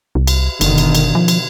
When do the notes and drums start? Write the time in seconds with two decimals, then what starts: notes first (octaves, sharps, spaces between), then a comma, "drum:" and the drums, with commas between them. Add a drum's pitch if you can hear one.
0.15 C2
0.27 drum: cymbal
0.61 F#1 B2 D3 D#3, drum: cymbal
0.78 drum: cymbal
0.95 drum: cymbal
1.15 F3
1.28 drum: cymbal